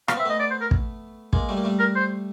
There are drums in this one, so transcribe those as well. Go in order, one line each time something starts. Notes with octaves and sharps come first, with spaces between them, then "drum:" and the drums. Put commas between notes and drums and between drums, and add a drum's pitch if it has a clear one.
B3 F5, drum: rim click
C4 E5
A3 B3 D#5
D5
C5
A#4
drum: kick
G#3 A#3, drum: kick
G3 A3
A#3
G3 A3
A#4
C5